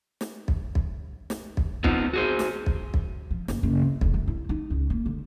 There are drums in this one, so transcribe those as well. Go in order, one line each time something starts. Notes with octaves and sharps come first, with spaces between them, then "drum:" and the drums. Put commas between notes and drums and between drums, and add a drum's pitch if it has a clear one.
drum: snare
drum: kick
drum: kick
drum: snare
drum: kick
B3 C4 D#4 F4, drum: kick
F#4 G#4 C5
drum: snare
drum: kick
drum: kick
F3
F#1, drum: snare
F#1
C4
F1, drum: kick
F#2
E4
D#4
C#2
A#3
D3